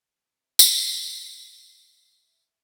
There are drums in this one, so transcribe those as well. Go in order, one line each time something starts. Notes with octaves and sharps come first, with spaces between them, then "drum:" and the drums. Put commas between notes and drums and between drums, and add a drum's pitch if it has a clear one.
C3
A#3, drum: tambourine
G3
A2
E5